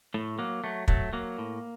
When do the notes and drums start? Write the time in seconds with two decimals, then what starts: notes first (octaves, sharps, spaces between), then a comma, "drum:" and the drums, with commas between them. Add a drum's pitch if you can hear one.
0.14 A2 A3
0.39 F#3 A#3
0.64 F#3 A3
0.88 F#3 A3, drum: kick
1.13 F#3 A#3
1.38 A2